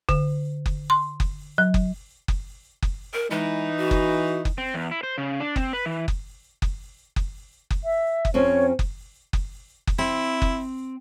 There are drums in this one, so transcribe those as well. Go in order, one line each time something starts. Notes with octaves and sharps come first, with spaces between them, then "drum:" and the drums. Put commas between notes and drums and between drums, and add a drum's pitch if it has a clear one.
D3, drum: kick F#1
drum: kick F#1
C6
drum: kick F#1
F#3
drum: kick F#1
drum: kick F#1
drum: kick F#1
A#4
E3 G#3 D#4
F#4
drum: kick F#1
drum: kick F#1
C4
E2
E4
C5
C#3
D4
C4, drum: kick F#1
B4
E3
drum: kick F#1
drum: kick F#1
drum: kick F#1
drum: kick F#1
E5
drum: kick F#1
F2 C4 C#4 C#5
drum: kick F#1
drum: kick F#1
drum: kick F#1
C4 E4
drum: kick F#1